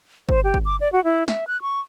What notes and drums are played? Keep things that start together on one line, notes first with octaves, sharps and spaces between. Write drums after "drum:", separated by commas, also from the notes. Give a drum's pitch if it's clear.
C5, drum: kick
G4
drum: kick
D6
D5
F#4
E4
E5, drum: snare
F#6
C#6